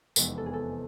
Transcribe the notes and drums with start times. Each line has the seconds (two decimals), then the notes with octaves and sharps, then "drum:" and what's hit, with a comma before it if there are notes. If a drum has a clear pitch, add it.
0.16 F1 E2 C3 G#3 B3, drum: tambourine
0.38 A4
0.46 G#4
0.53 A4